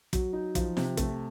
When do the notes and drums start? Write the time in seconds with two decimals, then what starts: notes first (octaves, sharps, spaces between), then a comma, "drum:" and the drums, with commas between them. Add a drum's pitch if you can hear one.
0.13 F#3, drum: kick, hi-hat
0.33 D#4
0.55 F3, drum: kick, hi-hat
0.77 C3, drum: snare
0.97 A3, drum: kick, hi-hat